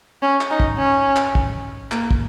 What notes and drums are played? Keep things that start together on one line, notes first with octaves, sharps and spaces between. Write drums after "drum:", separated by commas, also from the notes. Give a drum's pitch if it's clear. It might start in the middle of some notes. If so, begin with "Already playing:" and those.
C#4
drum: clap
D#4
drum: kick
C#4
drum: clap
drum: kick
A#3, drum: clap
drum: kick